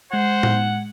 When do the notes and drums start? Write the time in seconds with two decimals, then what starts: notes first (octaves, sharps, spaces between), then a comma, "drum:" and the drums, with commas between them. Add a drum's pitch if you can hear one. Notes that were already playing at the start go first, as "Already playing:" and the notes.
0.12 G#3 C5 F#5 G#6
0.43 drum: tom A2